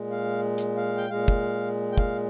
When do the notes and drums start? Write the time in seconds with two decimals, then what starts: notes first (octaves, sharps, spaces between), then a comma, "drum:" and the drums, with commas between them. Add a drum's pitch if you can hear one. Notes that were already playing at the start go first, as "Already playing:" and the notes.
Already playing: A#2 G#3
0.11 F5
0.58 drum: hi-hat
0.77 F5
0.97 G5
1.10 A#2 G#3 F5
1.28 drum: kick
1.92 G5
1.98 F5, drum: kick